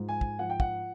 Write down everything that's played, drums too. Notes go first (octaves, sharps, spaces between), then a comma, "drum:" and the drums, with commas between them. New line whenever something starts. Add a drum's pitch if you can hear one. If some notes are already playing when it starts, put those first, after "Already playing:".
Already playing: G#2 F3
G#5
drum: kick
F3 F#5
G5
F#5, drum: kick